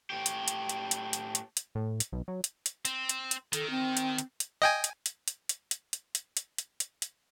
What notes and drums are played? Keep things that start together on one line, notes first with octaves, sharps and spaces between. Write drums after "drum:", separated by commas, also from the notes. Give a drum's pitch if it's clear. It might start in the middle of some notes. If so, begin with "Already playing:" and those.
A2 G4
drum: hi-hat
drum: hi-hat
drum: hi-hat
drum: hi-hat
drum: hi-hat
drum: hi-hat
drum: hi-hat
A2
drum: hi-hat
B1
F#3
drum: hi-hat
drum: hi-hat
C4, drum: hi-hat
drum: hi-hat
drum: hi-hat
D#3 A4, drum: hi-hat
C4
drum: hi-hat
drum: hi-hat
drum: hi-hat
D#5 G5 G#5
drum: hi-hat
drum: hi-hat
drum: hi-hat
drum: hi-hat
drum: hi-hat
drum: hi-hat
drum: hi-hat
drum: hi-hat
drum: hi-hat
drum: hi-hat
drum: hi-hat